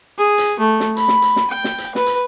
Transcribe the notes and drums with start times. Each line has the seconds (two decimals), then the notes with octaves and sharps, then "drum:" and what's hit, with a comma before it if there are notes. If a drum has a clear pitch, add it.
0.18 G#4
0.38 drum: hi-hat
0.59 A3
0.80 drum: snare
0.97 B5, drum: hi-hat
1.08 drum: snare
1.22 drum: hi-hat
1.36 drum: snare
1.50 G5
1.64 drum: snare
1.78 drum: hi-hat
1.95 B4, drum: snare
2.06 drum: hi-hat